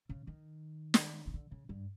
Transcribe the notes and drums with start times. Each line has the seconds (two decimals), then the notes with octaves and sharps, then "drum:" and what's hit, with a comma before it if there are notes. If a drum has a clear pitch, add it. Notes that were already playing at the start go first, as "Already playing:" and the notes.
0.09 C#3
0.27 D#3
0.94 drum: snare
1.27 C#3
1.34 D3
1.51 C#3
1.69 G2